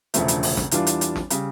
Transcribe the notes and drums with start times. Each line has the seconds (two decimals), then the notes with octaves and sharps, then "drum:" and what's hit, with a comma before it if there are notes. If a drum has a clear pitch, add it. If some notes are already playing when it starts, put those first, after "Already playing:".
0.14 E1 D2 C#3 F3 A3, drum: hi-hat
0.28 drum: hi-hat
0.43 drum: open hi-hat
0.57 drum: snare
0.71 E2 E3 G3 D4 F4, drum: hi-hat
0.87 drum: hi-hat
1.01 drum: hi-hat
1.16 drum: snare
1.30 C#3 G3, drum: hi-hat